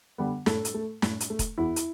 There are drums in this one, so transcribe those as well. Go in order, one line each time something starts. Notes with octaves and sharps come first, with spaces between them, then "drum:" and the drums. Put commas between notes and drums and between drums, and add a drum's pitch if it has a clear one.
D3 G3 B3
A2 A4, drum: snare
drum: hi-hat
A3
A2, drum: snare
drum: hi-hat
A3
drum: kick E1, hi-hat
E2 E4
drum: hi-hat